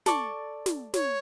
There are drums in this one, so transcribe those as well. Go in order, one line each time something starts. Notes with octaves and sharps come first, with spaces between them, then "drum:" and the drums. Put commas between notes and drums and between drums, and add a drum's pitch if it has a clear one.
A4 D5 C#6, drum: snare
drum: snare
C#5, drum: snare